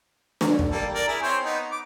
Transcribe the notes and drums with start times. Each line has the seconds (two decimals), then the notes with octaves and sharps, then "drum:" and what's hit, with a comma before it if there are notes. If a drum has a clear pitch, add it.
0.41 drum: snare
0.59 drum: kick
0.71 G3 A#3 A4
0.95 A#4 D5
1.08 E4 G#4
1.22 C4 C5 C#5
1.43 B3 D#4
1.71 D6